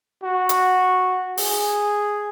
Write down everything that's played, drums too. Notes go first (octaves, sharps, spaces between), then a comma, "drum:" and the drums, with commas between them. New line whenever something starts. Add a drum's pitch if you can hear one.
F#4
drum: hi-hat
G#4, drum: open hi-hat